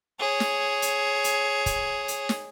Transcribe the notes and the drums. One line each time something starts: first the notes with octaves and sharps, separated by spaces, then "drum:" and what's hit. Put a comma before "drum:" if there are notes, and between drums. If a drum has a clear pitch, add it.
G#4 C#5
drum: snare
drum: hi-hat
drum: hi-hat
drum: kick, hi-hat
drum: hi-hat
drum: snare